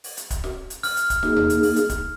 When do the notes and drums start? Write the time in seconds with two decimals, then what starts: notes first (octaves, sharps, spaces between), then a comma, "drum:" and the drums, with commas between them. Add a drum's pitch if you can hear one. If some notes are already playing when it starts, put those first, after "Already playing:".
0.04 drum: open hi-hat
0.17 drum: hi-hat
0.30 drum: kick D1, hi-hat
0.44 drum: snare
0.70 drum: hi-hat
0.83 F6, drum: open hi-hat
0.97 drum: hi-hat
1.10 drum: kick D1, hi-hat
1.23 A#3 D#4 G#4, drum: snare
1.36 drum: tom D#2
1.50 drum: hi-hat
1.63 drum: open hi-hat
1.76 drum: hi-hat
1.89 drum: kick D1, hi-hat